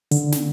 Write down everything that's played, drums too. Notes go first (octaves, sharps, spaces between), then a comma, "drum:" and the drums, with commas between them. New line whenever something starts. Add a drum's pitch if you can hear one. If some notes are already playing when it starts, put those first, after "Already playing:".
D3, drum: hi-hat
drum: snare